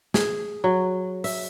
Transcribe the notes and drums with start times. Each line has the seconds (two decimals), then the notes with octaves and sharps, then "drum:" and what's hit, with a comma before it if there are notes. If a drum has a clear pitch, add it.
0.14 G#4, drum: snare
0.64 F#3
1.24 E5, drum: open hi-hat